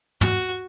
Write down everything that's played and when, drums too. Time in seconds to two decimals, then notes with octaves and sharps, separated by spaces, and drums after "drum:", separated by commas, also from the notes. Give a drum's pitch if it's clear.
0.21 F#4, drum: tom